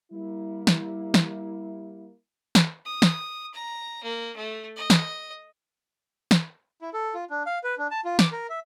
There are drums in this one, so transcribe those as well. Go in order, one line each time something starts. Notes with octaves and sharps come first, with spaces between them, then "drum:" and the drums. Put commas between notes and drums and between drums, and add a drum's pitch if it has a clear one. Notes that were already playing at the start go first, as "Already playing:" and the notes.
G3 A#3 E4
drum: snare
drum: snare
drum: snare
D#6
drum: snare
A#5
A#3
A3
D#5
drum: snare
drum: snare
E4
A4
F4
D4
F5
B4
D4
A5
F4
D6, drum: snare
A#4
E5